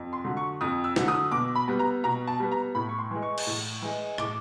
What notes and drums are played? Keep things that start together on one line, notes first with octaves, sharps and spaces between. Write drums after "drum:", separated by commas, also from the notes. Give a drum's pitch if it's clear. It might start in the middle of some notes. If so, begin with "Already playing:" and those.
Already playing: F2
C6
D3 F#3
C#6
F2 D#6
E6
D3 F#3, drum: snare
D#6
B2 D6
B5
G3 B3
A#5
B2 A#5
A5
G3 B3
A#5
A2 B5
C#6
C6
E3 G#3
C#6
drum: cymbal
A2
E3 G#3
A2 D6, drum: rim click